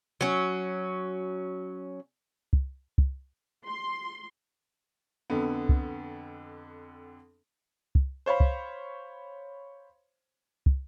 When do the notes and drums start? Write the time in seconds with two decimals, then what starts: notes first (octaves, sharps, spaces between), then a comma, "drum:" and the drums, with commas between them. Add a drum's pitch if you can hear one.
0.21 F#3 C#4
2.53 drum: kick
2.98 drum: kick
3.66 C6
5.30 F2 D3 B3
5.69 drum: kick
7.95 drum: kick
8.26 C5 C#5 F5 B5
8.40 drum: kick
10.66 drum: kick